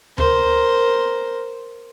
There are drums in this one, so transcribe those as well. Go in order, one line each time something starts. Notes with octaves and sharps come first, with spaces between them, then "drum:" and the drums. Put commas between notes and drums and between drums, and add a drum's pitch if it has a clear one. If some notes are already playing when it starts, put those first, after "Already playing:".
A#4 C5, drum: tom D2